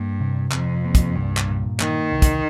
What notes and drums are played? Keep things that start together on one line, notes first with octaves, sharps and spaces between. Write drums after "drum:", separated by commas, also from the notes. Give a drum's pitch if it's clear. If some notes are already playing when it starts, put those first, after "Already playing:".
Already playing: G2 A#3
C3
F2 C3, drum: clap
A#3
drum: kick, hi-hat
C2 G2
drum: clap
A#2
D#3 A#3, drum: clap
C2
drum: kick, hi-hat